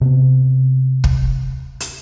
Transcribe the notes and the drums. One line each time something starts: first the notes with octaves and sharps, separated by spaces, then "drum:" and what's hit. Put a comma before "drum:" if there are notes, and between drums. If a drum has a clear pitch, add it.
C3 B3
drum: kick
drum: hi-hat